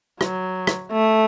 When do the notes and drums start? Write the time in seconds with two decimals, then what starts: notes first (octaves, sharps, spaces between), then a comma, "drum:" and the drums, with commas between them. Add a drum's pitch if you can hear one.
0.21 F#3, drum: rim click
0.67 drum: rim click
0.92 A3